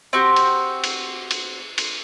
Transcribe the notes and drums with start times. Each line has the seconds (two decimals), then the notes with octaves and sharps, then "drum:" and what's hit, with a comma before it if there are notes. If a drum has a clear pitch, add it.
0.13 C4 F#4 G4
0.36 drum: cymbal
0.84 drum: cymbal
1.31 drum: cymbal
1.78 drum: cymbal